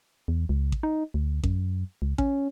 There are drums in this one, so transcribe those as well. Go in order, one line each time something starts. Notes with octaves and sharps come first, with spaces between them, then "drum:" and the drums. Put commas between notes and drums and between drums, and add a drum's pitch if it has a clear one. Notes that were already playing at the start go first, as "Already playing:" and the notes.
E2
C#2
drum: kick A1
D#4
D2
F#2, drum: kick A1
C#2
C#4, drum: kick A1